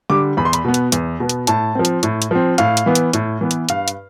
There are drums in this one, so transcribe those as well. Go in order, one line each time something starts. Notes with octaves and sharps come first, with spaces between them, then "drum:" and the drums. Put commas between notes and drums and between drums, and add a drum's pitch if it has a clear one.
D3 G3 D6
E2 B5
C6
B5, drum: hi-hat
B2 B3
drum: hi-hat
E2, drum: hi-hat
B2 B3
drum: hi-hat
A2 A5, drum: hi-hat
F3 C4
drum: hi-hat
A2, drum: hi-hat
drum: hi-hat
F3 C4
A2 F5, drum: hi-hat
drum: hi-hat
E3 B3
drum: hi-hat
A2, drum: hi-hat
E3 B3
drum: hi-hat
G2 F5, drum: hi-hat
drum: hi-hat